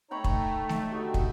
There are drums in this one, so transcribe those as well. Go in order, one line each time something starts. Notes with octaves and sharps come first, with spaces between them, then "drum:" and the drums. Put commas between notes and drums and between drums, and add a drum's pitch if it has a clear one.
A3 D#4 C#5 G5 A#5 B5 C#6
drum: kick
drum: snare A3
D3 D#4 F#4 G4 D#5
drum: kick